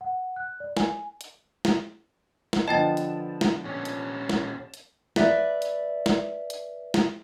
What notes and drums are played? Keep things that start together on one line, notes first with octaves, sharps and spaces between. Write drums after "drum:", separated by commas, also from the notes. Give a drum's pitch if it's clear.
F#5
F#6
D5
G#5, drum: snare
drum: hi-hat
drum: snare
drum: snare
D3 F3 B3 D#5 G5 A5 A6
drum: hi-hat
drum: snare
A#2 C#4
drum: hi-hat
drum: snare
drum: hi-hat
B4 D5 E5, drum: snare
drum: hi-hat
drum: snare
drum: hi-hat
drum: snare